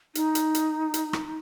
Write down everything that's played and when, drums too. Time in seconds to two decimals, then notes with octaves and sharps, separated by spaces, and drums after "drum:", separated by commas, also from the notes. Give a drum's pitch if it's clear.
0.15 D#4, drum: hi-hat
0.35 drum: hi-hat
0.55 drum: hi-hat
0.94 drum: hi-hat
1.13 drum: rim click